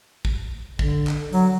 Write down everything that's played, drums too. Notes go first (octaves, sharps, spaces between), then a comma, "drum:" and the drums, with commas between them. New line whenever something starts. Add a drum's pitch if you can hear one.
drum: kick
D3, drum: kick
drum: clap
F#3, drum: open hi-hat